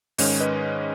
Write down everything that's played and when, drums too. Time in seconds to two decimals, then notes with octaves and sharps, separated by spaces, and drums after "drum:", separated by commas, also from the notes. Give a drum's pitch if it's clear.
0.18 G#2 D#3 G#3 C#4, drum: open hi-hat
0.40 B4 D#5